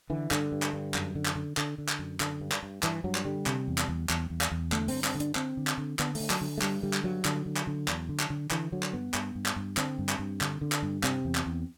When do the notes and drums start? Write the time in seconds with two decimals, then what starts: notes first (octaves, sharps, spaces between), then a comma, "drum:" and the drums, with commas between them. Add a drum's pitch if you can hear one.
0.10 D3 E3
0.31 G2 D3, drum: clap
0.52 G2
0.62 drum: clap
0.73 G2
0.94 F#2, drum: clap
1.15 D3
1.26 drum: clap
1.36 D3
1.57 D3, drum: clap
1.78 D3
1.89 drum: clap
1.99 F#2
2.20 D3, drum: clap
2.41 G2
2.52 drum: clap
2.63 G2
2.83 G2 E3, drum: clap
3.04 G2 F#3
3.15 drum: clap
3.25 D3 G3
3.46 C3, drum: clap
3.68 E2
3.78 drum: clap
3.88 E2
4.09 E2, drum: clap
4.30 E2
4.41 drum: clap
4.51 E2
4.72 D3 A3, drum: clap
4.88 C4, drum: open hi-hat
4.93 G2
5.04 C4, drum: clap
5.14 D3
5.20 D4, drum: hi-hat
5.35 D3 C4, drum: clap
5.57 D3
5.67 drum: clap
5.78 D3
5.99 D3 B3, drum: clap
6.15 A3, drum: open hi-hat
6.20 D3
6.30 F#3, drum: clap
6.41 D3
6.58 A3
6.62 G2 G3, drum: clap
6.83 D3 G3
6.93 drum: clap
7.03 G2 F#3
7.25 D3, drum: clap
7.46 D3
7.57 drum: clap
7.67 D3
7.88 E2, drum: clap
8.09 D3
8.20 drum: clap
8.30 D3
8.51 D3 E3, drum: clap
8.72 D3 F#3
8.83 drum: clap
8.93 G2 B3
9.14 G2, drum: clap
9.35 G2
9.46 drum: clap
9.56 G2
9.77 D3 C4, drum: clap
9.99 G2
10.09 drum: clap
10.19 G2
10.41 D3, drum: clap
10.61 D3
10.72 drum: clap
10.83 G2
11.03 C3 C4, drum: clap
11.25 E2
11.35 drum: clap
11.46 E2